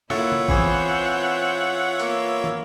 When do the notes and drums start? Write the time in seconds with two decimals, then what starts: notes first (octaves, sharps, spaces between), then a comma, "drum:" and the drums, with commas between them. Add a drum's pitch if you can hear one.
0.10 A#3 E4 F4 A4 C#5 E5 F#5, drum: rim click
0.32 drum: tom C#3
0.48 E3 B3 C4 G#4 C5, drum: kick A1
2.00 A#3 B3, drum: hi-hat
2.44 drum: tom